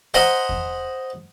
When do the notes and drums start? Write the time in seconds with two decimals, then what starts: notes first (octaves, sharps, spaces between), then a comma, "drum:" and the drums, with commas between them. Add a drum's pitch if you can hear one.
0.14 C5 D#5 F#5 G#5 A#5 B5, drum: rim click
0.49 drum: kick E2